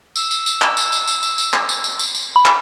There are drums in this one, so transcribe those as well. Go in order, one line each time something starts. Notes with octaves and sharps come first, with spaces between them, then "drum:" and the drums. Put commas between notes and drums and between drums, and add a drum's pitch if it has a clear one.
E6, drum: tambourine
drum: tambourine
drum: tambourine
drum: clap
drum: tambourine
drum: tambourine
drum: tambourine
drum: tambourine
drum: tambourine
drum: clap
drum: tambourine
drum: tambourine
drum: tambourine
drum: tambourine
B5
drum: clap